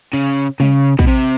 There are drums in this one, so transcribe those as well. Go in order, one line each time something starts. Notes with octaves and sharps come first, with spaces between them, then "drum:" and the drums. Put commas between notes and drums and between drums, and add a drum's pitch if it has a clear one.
C#3
C#3, drum: tom G3
B2, drum: kick
C3